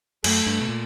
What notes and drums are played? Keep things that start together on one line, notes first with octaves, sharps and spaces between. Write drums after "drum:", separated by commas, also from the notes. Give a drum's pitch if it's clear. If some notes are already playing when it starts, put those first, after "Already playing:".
F#2 A3, drum: cymbal
G2
B2
A#2